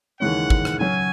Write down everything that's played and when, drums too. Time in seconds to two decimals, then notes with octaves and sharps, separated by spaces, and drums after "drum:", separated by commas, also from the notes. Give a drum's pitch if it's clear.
0.20 D#2 C#3 E3 G#3 C#4 F#5
0.50 drum: kick
0.65 drum: rim click
0.80 C#3 F#3 C#4 F#4 G#5